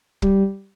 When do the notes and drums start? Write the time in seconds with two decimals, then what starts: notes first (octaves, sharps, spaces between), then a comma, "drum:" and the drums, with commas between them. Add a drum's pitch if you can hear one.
0.22 G3, drum: kick